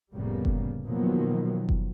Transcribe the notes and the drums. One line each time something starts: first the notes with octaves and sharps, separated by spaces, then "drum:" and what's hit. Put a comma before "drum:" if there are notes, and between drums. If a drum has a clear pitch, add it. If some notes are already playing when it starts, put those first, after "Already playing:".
F1 A2 C#3 G3 A#3 B3
drum: kick F#1
B2 D#3 F3 F#3 A#3 B3
drum: kick F#1